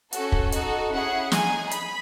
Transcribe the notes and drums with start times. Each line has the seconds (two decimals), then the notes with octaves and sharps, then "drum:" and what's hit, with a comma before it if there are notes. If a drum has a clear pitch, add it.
0.13 C#4 F#4 A4, drum: hi-hat
0.32 drum: kick
0.52 D#4 F#4 A4, drum: hi-hat
0.91 C#4 E4 G#4 F#5
1.32 D#4 G#4 G#5, drum: snare
1.71 B5, drum: hi-hat